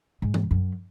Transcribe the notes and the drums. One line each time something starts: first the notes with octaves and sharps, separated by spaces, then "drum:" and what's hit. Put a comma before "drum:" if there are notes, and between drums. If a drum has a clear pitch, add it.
G#2
drum: tom E3
F#2